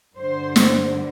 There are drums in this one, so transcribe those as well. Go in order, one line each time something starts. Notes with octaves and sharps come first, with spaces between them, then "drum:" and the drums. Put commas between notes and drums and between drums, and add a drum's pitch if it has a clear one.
G2 D3 G3 C5
drum: snare